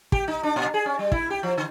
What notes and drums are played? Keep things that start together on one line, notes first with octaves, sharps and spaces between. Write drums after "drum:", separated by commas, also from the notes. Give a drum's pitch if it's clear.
G4, drum: kick
D#4
D4
A#2
G#4
C#4
G3
E4, drum: kick
G4
F3
D3